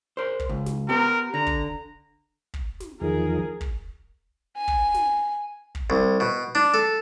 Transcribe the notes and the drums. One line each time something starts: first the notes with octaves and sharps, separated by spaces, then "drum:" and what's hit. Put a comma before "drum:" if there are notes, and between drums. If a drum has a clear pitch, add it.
A#4 C5
drum: kick
C#2
drum: snare
B3 G4 A#4
D3 A#5
drum: kick
drum: kick
drum: snare
E2 D#3 F3 G#4 A#4
drum: kick
G#5
drum: kick
drum: snare
drum: kick
C2
B2
D4
A4